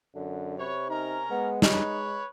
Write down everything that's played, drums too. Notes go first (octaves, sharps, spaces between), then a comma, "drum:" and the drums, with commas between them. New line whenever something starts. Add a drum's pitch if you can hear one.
F#2 D3
C3 B4 C#5
C#4 D#4 A#4 A#5
G#3 B3
D#4 B4 C#5, drum: snare